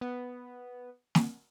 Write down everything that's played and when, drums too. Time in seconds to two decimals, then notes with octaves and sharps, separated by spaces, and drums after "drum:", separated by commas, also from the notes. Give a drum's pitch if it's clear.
0.01 B3
1.15 drum: snare